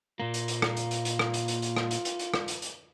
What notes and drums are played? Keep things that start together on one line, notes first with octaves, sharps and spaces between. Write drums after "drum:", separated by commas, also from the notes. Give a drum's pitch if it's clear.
A#2 A#3 F4
drum: hi-hat
drum: hi-hat
drum: rim click
drum: hi-hat
drum: hi-hat
drum: hi-hat
drum: rim click
drum: hi-hat
drum: hi-hat
drum: hi-hat
drum: rim click
drum: hi-hat
drum: hi-hat
drum: hi-hat
drum: rim click
drum: hi-hat
drum: hi-hat